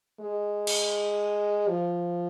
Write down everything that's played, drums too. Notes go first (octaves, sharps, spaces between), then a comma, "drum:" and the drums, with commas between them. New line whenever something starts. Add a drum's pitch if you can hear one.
G#3
drum: cymbal
F3